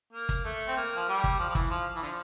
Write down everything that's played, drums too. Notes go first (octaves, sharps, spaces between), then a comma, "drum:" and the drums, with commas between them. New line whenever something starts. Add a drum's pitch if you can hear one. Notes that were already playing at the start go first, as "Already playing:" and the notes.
A#3
drum: kick, hi-hat
A3
C4
A#3
F3
G3
drum: kick, hi-hat
F3
F3
E3, drum: kick, hi-hat
F3
E3
D3 F3